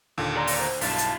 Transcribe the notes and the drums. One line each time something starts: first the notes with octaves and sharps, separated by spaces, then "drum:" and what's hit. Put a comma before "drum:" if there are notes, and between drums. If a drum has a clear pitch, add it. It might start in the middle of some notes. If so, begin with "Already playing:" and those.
D#2 A#2 D3
D5 A#5 C6
drum: open hi-hat
D2 C5
B1 G2 E4 F5 A5, drum: open hi-hat
drum: hi-hat